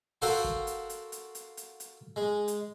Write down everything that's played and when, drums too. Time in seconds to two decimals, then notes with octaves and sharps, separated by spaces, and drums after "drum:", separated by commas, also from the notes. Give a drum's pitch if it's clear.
0.22 F#4 A4 A#4 C5 F5 F#5, drum: open hi-hat
0.44 drum: kick
0.67 drum: hi-hat
0.90 drum: hi-hat
1.12 drum: hi-hat
1.35 drum: hi-hat
1.57 drum: hi-hat
1.80 drum: hi-hat
2.16 G#3
2.48 drum: hi-hat